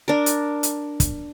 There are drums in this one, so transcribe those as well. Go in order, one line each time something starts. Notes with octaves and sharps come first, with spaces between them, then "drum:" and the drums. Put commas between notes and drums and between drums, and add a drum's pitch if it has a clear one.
D4 A#4
drum: hi-hat
drum: hi-hat
drum: kick, hi-hat